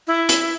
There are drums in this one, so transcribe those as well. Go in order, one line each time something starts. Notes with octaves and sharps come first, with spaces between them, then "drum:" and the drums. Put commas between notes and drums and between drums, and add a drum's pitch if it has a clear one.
E4
drum: hi-hat